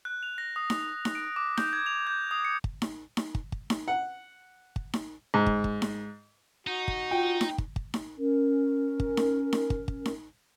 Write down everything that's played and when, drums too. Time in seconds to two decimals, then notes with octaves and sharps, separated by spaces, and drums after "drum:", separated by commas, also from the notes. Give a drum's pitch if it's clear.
0.05 F#6
0.23 F7
0.38 A#6
0.56 D#6
0.70 drum: snare D#4
1.05 drum: snare D#4
1.15 D7
1.36 D6
1.57 G6, drum: snare D#4
1.73 G#6
1.86 F7
2.07 G6
2.31 D#6
2.45 C#7
2.64 drum: kick
2.82 drum: snare D#4
3.17 drum: snare D#4
3.35 drum: kick
3.52 drum: kick
3.70 drum: snare D#4
3.88 F#5
4.76 drum: kick
4.94 drum: snare D#4
5.34 G#2
5.46 drum: kick
5.64 drum: kick
5.82 drum: snare D#4
6.67 D#4 F#4
6.88 drum: kick
7.11 F4 G5
7.41 drum: snare D#4
7.58 drum: kick
7.76 drum: kick
7.94 drum: snare D#4
8.17 C#4 A#4
9.00 drum: kick
9.17 drum: snare D#4
9.53 drum: snare D#4
9.70 drum: kick
9.88 drum: kick
10.06 drum: snare D#4